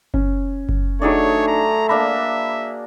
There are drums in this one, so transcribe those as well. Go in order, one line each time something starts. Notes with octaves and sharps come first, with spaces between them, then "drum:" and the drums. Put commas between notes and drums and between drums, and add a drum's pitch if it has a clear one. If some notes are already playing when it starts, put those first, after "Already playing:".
C#4, drum: kick F#1
drum: kick F#1
F#3 A3 D4 D#4 G#4 C#5 D5
A#5
A#3 D4 E5 A#5 B5